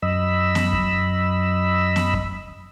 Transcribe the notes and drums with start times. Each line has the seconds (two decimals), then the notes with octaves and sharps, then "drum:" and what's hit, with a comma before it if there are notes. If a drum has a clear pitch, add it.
0.02 F#2 D#5 B5 E6
0.55 drum: snare B3
0.73 drum: kick F#2
1.96 drum: snare B3
2.13 drum: kick F#2